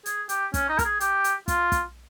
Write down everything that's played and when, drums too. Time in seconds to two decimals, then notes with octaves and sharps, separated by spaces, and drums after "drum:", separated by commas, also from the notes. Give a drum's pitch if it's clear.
0.06 G#4, drum: hi-hat
0.29 G4, drum: hi-hat
0.54 C#4, drum: kick, hi-hat
0.69 D#4
0.79 A#4, drum: kick, hi-hat
0.85 G#4
1.00 G4, drum: hi-hat
1.24 drum: hi-hat
1.48 F4, drum: kick, hi-hat
1.72 drum: kick, hi-hat